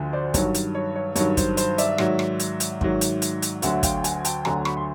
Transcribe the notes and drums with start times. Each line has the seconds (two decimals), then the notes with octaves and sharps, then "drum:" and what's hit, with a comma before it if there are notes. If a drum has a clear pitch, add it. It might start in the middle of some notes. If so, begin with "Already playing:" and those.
Already playing: D2 D3 F3
0.13 C5 D5
0.34 G2 D#3 F#3 C#5, drum: kick, hi-hat
0.54 drum: hi-hat
0.75 C#5
0.96 C#5
1.16 G2 D#3 F#3 C#5, drum: hi-hat
1.37 C5, drum: kick, hi-hat
1.57 C5, drum: hi-hat
1.78 D5 E5, drum: hi-hat
1.98 G#2 D#3 F#3, drum: rim click
2.19 drum: rim click
2.39 drum: hi-hat
2.60 drum: hi-hat
2.81 G#2 D#3 F#3, drum: kick
3.01 drum: hi-hat
3.22 drum: hi-hat
3.42 drum: hi-hat
3.62 D2 D3 F#3 E5 F#5, drum: hi-hat
3.83 F5 G5, drum: kick, hi-hat
4.04 F#5 G#5, drum: hi-hat
4.25 G5 A5, drum: hi-hat
4.45 D2 D3 F#3 G#5 A#5, drum: rim click
4.65 B5 C#6, drum: rim click
4.77 C6